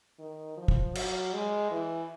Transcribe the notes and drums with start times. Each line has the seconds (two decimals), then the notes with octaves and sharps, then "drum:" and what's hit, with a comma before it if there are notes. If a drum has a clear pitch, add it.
0.19 D#3
0.57 F3
0.68 drum: kick
0.95 F#3, drum: cymbal
1.34 G#3
1.71 E3